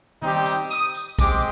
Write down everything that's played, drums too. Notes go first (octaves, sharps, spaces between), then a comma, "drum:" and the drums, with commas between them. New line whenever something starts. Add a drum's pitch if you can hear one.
G3 C4 D#4 G4, drum: tom
drum: tambourine
D#6, drum: tambourine
drum: tambourine
G#3 C4 G4 D6, drum: kick, tambourine